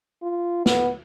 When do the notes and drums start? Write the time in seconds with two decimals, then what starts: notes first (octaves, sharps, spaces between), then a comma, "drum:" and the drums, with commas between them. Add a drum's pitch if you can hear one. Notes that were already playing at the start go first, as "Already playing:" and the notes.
0.23 F4
0.66 B3, drum: snare